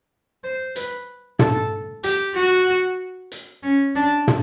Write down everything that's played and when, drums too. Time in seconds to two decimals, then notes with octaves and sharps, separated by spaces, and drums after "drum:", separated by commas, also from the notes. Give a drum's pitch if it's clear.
0.44 C5
0.76 B4, drum: hi-hat
1.39 A4, drum: tom
2.03 G4, drum: hi-hat
2.35 F#4
3.32 drum: hi-hat
3.63 C#4
3.95 D4
4.28 drum: tom